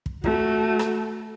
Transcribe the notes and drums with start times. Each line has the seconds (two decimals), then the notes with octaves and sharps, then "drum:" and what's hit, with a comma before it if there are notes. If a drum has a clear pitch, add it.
0.06 drum: kick
0.24 A3 F#4, drum: kick
0.79 drum: rim click